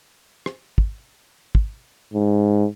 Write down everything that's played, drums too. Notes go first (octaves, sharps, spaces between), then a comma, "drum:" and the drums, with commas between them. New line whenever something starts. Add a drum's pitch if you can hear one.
drum: rim click
drum: kick
drum: kick
G#2